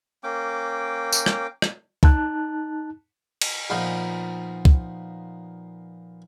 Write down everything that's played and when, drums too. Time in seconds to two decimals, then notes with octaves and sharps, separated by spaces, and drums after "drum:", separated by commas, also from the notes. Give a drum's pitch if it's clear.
0.24 A#3 C#4 G5 D6
1.13 drum: tambourine
1.26 drum: rim click
1.62 drum: rim click
2.03 D#4 A5 F#6, drum: kick
3.42 drum: cymbal
3.70 A#2 F3 B3 D#4 F4
4.65 drum: kick